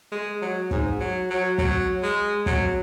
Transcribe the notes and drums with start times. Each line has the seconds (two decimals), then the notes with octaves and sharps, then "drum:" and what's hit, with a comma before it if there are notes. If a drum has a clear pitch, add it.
0.12 G#3
0.42 F#3
0.71 G#2, drum: kick
1.00 F#3
1.30 F#3
1.58 F#3, drum: kick
2.03 G#3
2.46 F#3, drum: kick